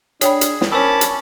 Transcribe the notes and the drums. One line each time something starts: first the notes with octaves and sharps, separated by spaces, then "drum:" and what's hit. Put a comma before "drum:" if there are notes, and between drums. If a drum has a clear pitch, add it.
D4 G#4 C#5 G5 B5, drum: hi-hat
drum: hi-hat
drum: snare
C#4 A#4 C5 A5 B5 D6 E6
drum: hi-hat